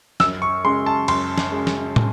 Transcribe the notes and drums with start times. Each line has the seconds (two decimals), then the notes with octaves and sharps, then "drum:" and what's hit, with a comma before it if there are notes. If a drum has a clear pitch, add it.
0.20 F#2 E6, drum: snare
0.42 C#6
0.64 C#3 G#3 C6
0.86 A5
1.08 F#2 C6, drum: cymbal
1.38 drum: snare
1.52 C#3 G#3
1.67 drum: snare
1.96 drum: tom